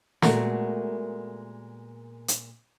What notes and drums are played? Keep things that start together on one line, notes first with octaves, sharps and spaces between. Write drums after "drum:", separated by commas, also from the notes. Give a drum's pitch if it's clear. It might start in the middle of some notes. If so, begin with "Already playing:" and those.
A#2 G#3 A3 B3 F#4 A#4, drum: snare
drum: hi-hat